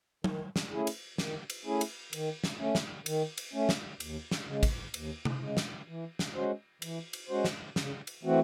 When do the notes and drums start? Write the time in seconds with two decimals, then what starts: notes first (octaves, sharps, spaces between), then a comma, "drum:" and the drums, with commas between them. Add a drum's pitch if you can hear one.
0.24 D#3, drum: tom
0.56 drum: snare
0.71 A3 C#4 E4 G#4
0.87 drum: cymbal
1.18 D#3, drum: snare
1.50 drum: cymbal
1.65 A3 C#4 E4 G#4
1.81 drum: cymbal
2.13 D#3, drum: cymbal
2.44 drum: snare
2.59 A3 C#4
2.75 drum: snare
3.06 D#3, drum: cymbal
3.37 drum: cymbal
3.53 A3 C#4
3.69 drum: snare
4.00 D#2, drum: cymbal
4.31 drum: snare
4.47 C#3 G#3
4.63 drum: kick, cymbal
4.94 D#2, drum: cymbal
5.25 drum: tom
5.41 C#3 G#3
5.57 drum: snare
5.88 E3
6.19 drum: snare
6.35 G#3 C#4 F#4 C5
6.82 E3, drum: cymbal
7.13 drum: cymbal
7.29 G#3 C#4 F#4 C5
7.45 drum: snare
7.76 C#3, drum: snare
8.07 drum: cymbal
8.23 E3 A3 C4 F#4